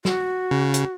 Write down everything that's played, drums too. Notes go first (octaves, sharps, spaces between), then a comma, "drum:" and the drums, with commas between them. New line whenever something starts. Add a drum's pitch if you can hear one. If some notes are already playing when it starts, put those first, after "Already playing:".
F#4, drum: snare
C#3
drum: hi-hat